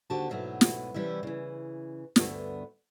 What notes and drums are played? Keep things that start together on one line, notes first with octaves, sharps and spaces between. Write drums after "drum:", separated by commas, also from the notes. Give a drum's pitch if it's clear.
D#2 D3 F#4 G4 C5 A5
G#2 B2 F#3 A3 B3 E4
drum: snare
C3 E3 G3 C#4 E4
C#3 E3
D2 G2 A#2 A3 B3 D4, drum: snare